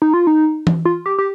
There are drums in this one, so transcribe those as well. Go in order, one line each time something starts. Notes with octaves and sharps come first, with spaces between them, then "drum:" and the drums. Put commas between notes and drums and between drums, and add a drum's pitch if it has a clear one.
D#4
F4
D#4
drum: tom E3
F4
G4
G4